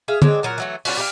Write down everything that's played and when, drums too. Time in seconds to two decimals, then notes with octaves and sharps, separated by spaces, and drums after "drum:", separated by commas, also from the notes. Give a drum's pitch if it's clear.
0.08 G#4 E5 F5
0.22 G#3 C4 D4 C#5, drum: tom D3
0.43 A#2 F#3 A#4
0.58 E3 F#3 A3
0.85 G3 C#4 F4 F#4, drum: open hi-hat
0.97 G4 B4 F5